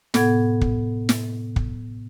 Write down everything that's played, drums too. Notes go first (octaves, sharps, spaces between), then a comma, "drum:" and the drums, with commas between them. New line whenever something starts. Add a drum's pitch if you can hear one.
A2 C3 B3 A4 F#5 G#6, drum: snare
drum: kick
drum: snare
drum: kick